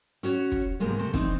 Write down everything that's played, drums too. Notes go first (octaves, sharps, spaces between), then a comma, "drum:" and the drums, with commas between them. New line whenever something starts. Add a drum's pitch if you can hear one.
C#4 F#4 C#5, drum: hi-hat
drum: kick
G#2 C3 G#3 A#3 B3
C3 A3 C4
E3 C4 D4 D#4, drum: kick